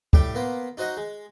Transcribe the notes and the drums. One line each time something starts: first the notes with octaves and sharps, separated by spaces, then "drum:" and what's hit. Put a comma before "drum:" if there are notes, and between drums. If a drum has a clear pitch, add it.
A2 G3 G4 G5, drum: kick
A#3 B3 C5
D#4 F#4 C5 D#5 F#5
G#3